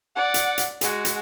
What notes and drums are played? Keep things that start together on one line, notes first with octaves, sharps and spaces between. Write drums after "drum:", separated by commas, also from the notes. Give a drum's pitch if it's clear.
D5 F#5
drum: hi-hat
drum: hi-hat
G#3 F#4, drum: hi-hat
drum: hi-hat